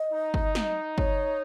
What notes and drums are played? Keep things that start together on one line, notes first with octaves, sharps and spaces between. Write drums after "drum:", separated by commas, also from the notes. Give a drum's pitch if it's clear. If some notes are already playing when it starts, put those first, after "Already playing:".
Already playing: D#5
D#4
drum: kick G1
drum: snare
C#5, drum: kick G1